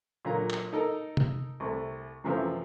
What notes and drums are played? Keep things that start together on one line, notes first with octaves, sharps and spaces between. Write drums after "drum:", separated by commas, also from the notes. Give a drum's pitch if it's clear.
A#2 D3 F#3 A#3 A#5
drum: clap
D#4 A4 A#4
drum: tom C3
C2 C3 A3
F#2 C3 E3 F3 A3 C4